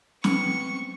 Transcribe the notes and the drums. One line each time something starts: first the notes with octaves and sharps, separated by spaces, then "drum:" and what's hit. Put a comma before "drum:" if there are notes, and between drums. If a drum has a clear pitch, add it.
B3 C4 B4 C#6, drum: snare